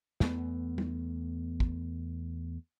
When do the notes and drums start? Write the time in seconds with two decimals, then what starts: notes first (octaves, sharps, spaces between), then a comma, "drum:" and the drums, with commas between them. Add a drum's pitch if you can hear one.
0.20 E2 A3 B3, drum: snare
0.78 drum: tom G3
1.60 drum: kick